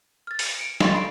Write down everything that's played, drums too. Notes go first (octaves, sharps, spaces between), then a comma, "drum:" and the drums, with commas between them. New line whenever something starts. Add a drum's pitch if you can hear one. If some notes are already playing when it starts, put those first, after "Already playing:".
F6 A6
drum: open hi-hat
C#7 D7
A4 F5 C6 C#6 A6, drum: snare
B5 C7 D7